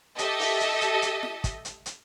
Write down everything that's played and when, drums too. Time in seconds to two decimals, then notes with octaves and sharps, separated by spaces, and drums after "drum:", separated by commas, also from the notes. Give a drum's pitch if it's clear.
0.18 G4 A4 D#5 E5, drum: hi-hat
0.39 drum: open hi-hat
0.60 drum: hi-hat
0.81 drum: hi-hat
1.02 drum: hi-hat
1.23 drum: snare
1.44 drum: kick, hi-hat
1.65 drum: hi-hat
1.86 drum: hi-hat